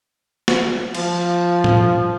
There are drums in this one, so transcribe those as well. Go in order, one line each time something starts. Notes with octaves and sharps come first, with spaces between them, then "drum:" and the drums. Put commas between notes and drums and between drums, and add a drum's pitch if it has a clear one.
drum: snare
F3, drum: cymbal
drum: tom A2